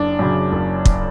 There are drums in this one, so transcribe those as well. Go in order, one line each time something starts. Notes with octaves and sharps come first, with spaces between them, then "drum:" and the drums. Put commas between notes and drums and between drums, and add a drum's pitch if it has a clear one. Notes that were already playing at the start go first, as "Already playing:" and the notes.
Already playing: F#1 D4
F#2 C#3
F#1
drum: kick